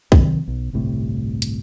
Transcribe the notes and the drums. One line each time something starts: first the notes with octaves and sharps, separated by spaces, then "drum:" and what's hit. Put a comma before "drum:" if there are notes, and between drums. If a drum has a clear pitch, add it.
C3 D#3 F#3 C4, drum: kick B1
B1
G1 C2 A2 C3
drum: hi-hat